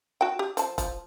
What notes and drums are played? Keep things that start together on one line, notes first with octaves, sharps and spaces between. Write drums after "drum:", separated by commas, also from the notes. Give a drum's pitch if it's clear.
F#4 G5
G4
F3 A5, drum: hi-hat
F3, drum: kick, hi-hat